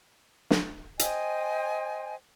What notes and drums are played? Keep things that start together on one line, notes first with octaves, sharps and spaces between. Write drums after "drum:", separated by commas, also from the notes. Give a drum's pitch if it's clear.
drum: snare
C5 D#5 G5 G#5, drum: hi-hat